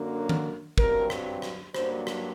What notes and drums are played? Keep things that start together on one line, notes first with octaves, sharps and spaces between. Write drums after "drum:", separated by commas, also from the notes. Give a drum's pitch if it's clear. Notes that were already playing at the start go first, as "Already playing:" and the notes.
Already playing: F#2 D3 F#3 A#3 D4
drum: tom D#3
G2 F#3 C4 A#4, drum: kick
drum: rim click
drum: rim click
G2 F#3 A#3 D4 C5, drum: rim click
drum: rim click